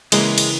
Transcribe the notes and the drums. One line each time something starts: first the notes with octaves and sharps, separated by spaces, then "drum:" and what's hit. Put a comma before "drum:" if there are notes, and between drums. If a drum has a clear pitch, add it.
C#3 E3 G#3 A#3 E4, drum: cymbal
drum: cymbal